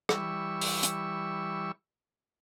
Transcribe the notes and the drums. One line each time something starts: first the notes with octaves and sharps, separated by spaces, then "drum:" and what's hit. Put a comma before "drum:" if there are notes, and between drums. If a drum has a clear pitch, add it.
E3 G3 C#6 E6, drum: rim click
drum: open hi-hat
drum: hi-hat